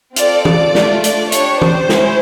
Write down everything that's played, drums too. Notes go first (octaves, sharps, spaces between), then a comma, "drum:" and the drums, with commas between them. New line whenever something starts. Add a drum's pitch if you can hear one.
C4 F4 A4 D5, drum: hi-hat
D5, drum: tom
A3 D4 F4, drum: snare
D5, drum: hi-hat
D4 G4 C#5, drum: hi-hat
C5, drum: tom
C#4 E4, drum: snare